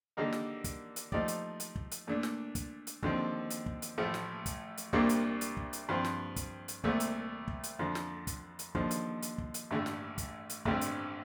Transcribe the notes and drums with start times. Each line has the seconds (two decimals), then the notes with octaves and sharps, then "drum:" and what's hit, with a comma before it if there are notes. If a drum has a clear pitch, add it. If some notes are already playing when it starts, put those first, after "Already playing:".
0.17 D3 G3 A#3 D#4 A#4
0.33 drum: snare
0.64 drum: kick, hi-hat
0.96 drum: hi-hat
1.12 F3 A3 D#4 G4 D5, drum: kick
1.28 drum: hi-hat
1.60 drum: hi-hat
1.76 drum: kick
1.91 drum: hi-hat
2.07 A#2 A3 D4
2.23 drum: snare
2.55 drum: kick, hi-hat
2.87 drum: hi-hat
3.03 D#2 D3 F3 C4, drum: kick
3.50 drum: hi-hat
3.66 drum: kick
3.82 drum: hi-hat
3.98 A1 A2 F3 A3
4.14 drum: snare
4.46 drum: kick, hi-hat
4.77 drum: hi-hat
4.93 C2 A#2 G3 A#3 D4, drum: kick
5.09 drum: hi-hat
5.41 drum: hi-hat
5.57 drum: kick
5.73 drum: hi-hat
5.89 G2 F3 C4
6.05 drum: snare
6.36 drum: kick, hi-hat
6.68 drum: hi-hat
6.84 C2 A#2 A3, drum: kick
7.00 drum: hi-hat
7.48 drum: kick
7.63 drum: hi-hat
7.79 F2 D3 F3
7.95 drum: snare
8.27 drum: kick, hi-hat
8.59 drum: hi-hat
8.75 D#2 D3 F3, drum: kick
8.91 drum: hi-hat
9.22 drum: hi-hat
9.38 drum: kick
9.54 drum: hi-hat
9.71 A1 G2 D3 A3
9.86 drum: snare
10.18 drum: kick, hi-hat
10.50 drum: hi-hat
10.65 A1 G2 D3 A3 C4, drum: kick
10.81 drum: hi-hat